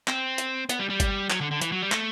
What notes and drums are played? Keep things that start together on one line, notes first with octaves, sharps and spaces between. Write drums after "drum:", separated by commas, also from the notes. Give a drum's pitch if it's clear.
C4, drum: clap
drum: hi-hat
B3, drum: hi-hat
G3
G3
drum: kick G1, hi-hat
F#3, drum: clap
D3
D3
E3, drum: hi-hat
F#3
G3
A3, drum: clap